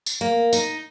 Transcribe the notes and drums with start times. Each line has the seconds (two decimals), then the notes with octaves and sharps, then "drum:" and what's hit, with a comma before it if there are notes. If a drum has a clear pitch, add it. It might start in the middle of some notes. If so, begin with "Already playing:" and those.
0.06 drum: tambourine
0.21 A#3
0.53 D#4, drum: tambourine